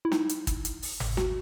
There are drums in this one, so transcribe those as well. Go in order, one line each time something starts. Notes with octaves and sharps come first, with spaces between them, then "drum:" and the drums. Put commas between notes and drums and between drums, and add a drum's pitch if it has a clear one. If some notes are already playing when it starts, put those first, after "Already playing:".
E4
D#4, drum: snare
drum: hi-hat
drum: kick, hi-hat
drum: hi-hat
drum: open hi-hat
drum: tom G1
F#4, drum: snare